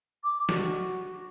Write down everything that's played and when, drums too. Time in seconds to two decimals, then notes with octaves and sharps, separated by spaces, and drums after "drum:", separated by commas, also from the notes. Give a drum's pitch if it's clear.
0.24 D6
0.49 F#4, drum: snare